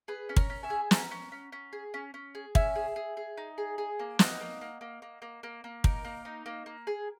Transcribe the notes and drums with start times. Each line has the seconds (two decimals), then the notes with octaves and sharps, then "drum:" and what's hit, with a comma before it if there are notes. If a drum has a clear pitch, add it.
0.08 G#4 B4
0.29 C#4
0.36 A#4 C#5, drum: kick
0.50 C#4
0.63 E5 G#5
0.70 G#4
0.91 C#4 F#5 A#5, drum: snare
1.11 C#4
1.32 C#4
1.52 C#4
1.73 G#4
1.94 C#4
2.14 C#4
2.35 G#4
2.55 C#4 E5 G#5, drum: kick
2.76 G#4
2.96 G#4
3.17 G#4
3.37 D#4
3.58 G#4
3.78 G#4
3.99 A#3
4.19 D#4 D#5 F#5, drum: snare
4.40 A#3
4.61 A#3
4.81 A#3
5.02 A#3
5.22 A#3
5.43 A#3
5.64 A#3
5.84 D#4 A#4, drum: kick
6.05 A#3
6.25 D#4
6.46 A#3
6.66 A#3
6.87 G#4